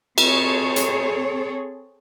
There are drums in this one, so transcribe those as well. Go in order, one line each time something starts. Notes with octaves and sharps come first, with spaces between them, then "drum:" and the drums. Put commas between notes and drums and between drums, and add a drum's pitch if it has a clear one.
C4 G#4 A4 C#5, drum: cymbal
drum: hi-hat